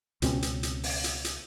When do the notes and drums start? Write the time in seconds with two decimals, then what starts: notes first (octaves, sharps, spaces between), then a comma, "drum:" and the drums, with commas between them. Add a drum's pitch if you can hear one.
0.22 C#2 B2 C4 C#4, drum: hi-hat
0.42 drum: hi-hat
0.63 drum: hi-hat
0.83 drum: open hi-hat
1.04 drum: hi-hat
1.25 drum: hi-hat